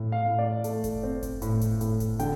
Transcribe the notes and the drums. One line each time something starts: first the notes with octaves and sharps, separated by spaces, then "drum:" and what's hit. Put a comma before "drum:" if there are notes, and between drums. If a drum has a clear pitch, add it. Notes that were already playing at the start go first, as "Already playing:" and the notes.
Already playing: A2
F5
A2
D5
A3, drum: hi-hat
drum: kick F#1, hi-hat
C4
drum: kick F#1, hi-hat
A2, drum: hi-hat
drum: kick F#1, hi-hat
A2, drum: hi-hat
drum: kick F#1, hi-hat
D3 G5, drum: hi-hat